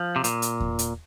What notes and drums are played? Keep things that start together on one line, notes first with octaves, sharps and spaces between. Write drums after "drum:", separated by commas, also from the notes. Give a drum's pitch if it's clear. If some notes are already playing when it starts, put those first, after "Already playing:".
Already playing: F3
C3
A#2, drum: hi-hat
drum: hi-hat
drum: kick E2
drum: hi-hat